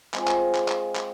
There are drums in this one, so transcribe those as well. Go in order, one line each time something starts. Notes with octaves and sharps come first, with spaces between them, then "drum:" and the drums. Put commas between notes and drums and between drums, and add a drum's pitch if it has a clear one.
G#3 C4 F4 G#4, drum: clap
drum: clap
drum: clap
drum: clap
drum: clap